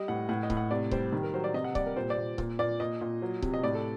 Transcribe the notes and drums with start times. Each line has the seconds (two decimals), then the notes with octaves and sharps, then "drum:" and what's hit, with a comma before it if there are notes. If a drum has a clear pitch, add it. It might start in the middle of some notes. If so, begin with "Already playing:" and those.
Already playing: G3 D#5
0.08 A2 F#5
0.29 A2 F#5
0.43 D#5
0.50 A2, drum: kick C#1
0.57 F#5
0.71 C3 D5
0.91 G3 C5, drum: kick C#1
1.12 D#3
1.23 A#4
1.34 F#3 C5
1.44 D5
1.54 C3 D#5
1.64 F#5
1.75 G3 D5, drum: kick C#1
1.86 A#4
1.96 A#2 C5
2.10 D5
2.17 A#2
2.38 A#2, drum: kick C#1
2.59 A#2 D5
2.80 A#2 D#5
3.01 A#2
3.22 F#3
3.42 C3, drum: kick C#1
3.54 D#5
3.63 A2 D5
3.75 A4